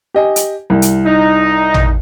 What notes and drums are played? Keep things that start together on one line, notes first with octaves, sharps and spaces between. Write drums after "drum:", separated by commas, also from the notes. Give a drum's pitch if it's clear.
G4 D#5 G#5
drum: hi-hat
C2
drum: hi-hat
D#4
drum: tom